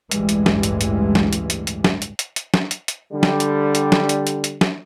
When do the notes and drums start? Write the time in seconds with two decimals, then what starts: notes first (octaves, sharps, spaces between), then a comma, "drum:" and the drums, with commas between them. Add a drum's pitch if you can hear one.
0.11 A1 D2 G2 E3 G3 G#3, drum: hi-hat
0.29 drum: hi-hat
0.46 drum: snare
0.63 drum: hi-hat
0.81 drum: hi-hat
1.15 drum: snare
1.33 drum: hi-hat
1.50 drum: hi-hat
1.67 drum: hi-hat
1.84 drum: snare
2.02 drum: hi-hat
2.19 drum: hi-hat
2.36 drum: hi-hat
2.54 drum: snare
2.71 drum: hi-hat
2.88 drum: hi-hat
3.12 D3 G3
3.23 drum: snare
3.40 drum: hi-hat
3.75 drum: hi-hat
3.92 drum: snare
4.09 drum: hi-hat
4.27 drum: hi-hat
4.44 drum: hi-hat
4.61 drum: snare